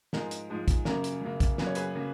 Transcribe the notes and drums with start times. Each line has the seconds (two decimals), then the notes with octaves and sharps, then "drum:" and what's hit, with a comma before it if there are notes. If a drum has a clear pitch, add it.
0.13 G#2 F3 G#3 A#4, drum: snare
0.31 drum: hi-hat
0.50 G#2 F3 G#3
0.68 drum: kick, hi-hat
0.85 F#2 C#3 F#3 A#3 A#4, drum: snare
1.04 drum: hi-hat
1.22 F#2 C#3 F#3 A#3
1.40 drum: kick, hi-hat
1.58 F#2 C#3 F#3 A#3 B4, drum: snare
1.67 C#5
1.75 G#4 B4, drum: hi-hat
1.95 C#3 F#3 A#3